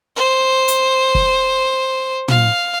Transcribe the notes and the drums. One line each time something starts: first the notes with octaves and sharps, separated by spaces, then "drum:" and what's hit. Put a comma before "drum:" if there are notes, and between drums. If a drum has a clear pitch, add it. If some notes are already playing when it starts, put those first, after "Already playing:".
C5
drum: hi-hat
drum: kick
F5, drum: tom